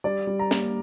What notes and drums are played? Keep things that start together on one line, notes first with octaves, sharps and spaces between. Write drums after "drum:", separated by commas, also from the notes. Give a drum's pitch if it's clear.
G3 D5
G3
A#5
A#3, drum: snare